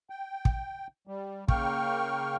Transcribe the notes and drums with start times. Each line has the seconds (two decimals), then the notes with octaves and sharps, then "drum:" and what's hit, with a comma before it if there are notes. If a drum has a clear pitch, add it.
0.10 G5
0.45 drum: kick
1.07 G3
1.48 C#3 A#3 G5 C#6 F6, drum: kick